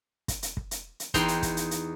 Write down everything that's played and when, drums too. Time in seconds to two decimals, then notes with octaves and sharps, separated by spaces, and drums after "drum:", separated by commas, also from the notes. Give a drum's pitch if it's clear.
0.28 drum: kick, hi-hat
0.43 drum: hi-hat
0.57 drum: kick
0.71 drum: hi-hat
1.00 drum: hi-hat
1.14 E2 D#4 G5 A#5 C6, drum: kick, hi-hat
1.28 drum: hi-hat
1.43 drum: kick, hi-hat
1.57 drum: hi-hat
1.71 drum: hi-hat